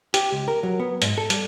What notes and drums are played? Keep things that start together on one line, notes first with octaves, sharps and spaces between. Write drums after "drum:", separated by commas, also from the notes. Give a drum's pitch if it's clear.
G4, drum: hi-hat
C#2
A#4
F#3
B3
G#2, drum: hi-hat
A4
G3, drum: hi-hat